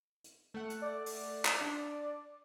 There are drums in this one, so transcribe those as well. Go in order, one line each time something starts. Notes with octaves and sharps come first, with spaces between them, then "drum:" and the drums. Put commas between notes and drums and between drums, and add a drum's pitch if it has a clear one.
drum: hi-hat
A3 F#5
drum: hi-hat
D5
drum: open hi-hat
drum: clap
D4